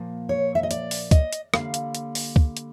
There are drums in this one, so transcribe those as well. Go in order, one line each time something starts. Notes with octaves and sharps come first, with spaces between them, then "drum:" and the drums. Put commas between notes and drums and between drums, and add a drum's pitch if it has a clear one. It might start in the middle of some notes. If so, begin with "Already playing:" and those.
Already playing: A#2 F3 A#3
C#5
E5
D#5
D5, drum: hi-hat
drum: open hi-hat
D#5, drum: kick, hi-hat
drum: hi-hat
D3 G3 A#3 F5, drum: rim click
drum: hi-hat
drum: hi-hat
drum: open hi-hat
drum: kick
drum: hi-hat